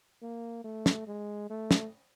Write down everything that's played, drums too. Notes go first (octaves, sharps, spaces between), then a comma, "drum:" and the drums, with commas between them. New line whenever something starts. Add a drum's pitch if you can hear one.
A#3
A3
drum: snare
G#3
A3
drum: snare